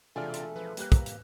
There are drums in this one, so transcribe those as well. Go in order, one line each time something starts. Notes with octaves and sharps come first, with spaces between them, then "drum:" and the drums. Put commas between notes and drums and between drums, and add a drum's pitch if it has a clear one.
E1 C3 A3 D4 F4 D5 G#5 F6
drum: hi-hat
F3 B4
G3 A#3 F#6, drum: hi-hat
drum: kick, hi-hat
drum: hi-hat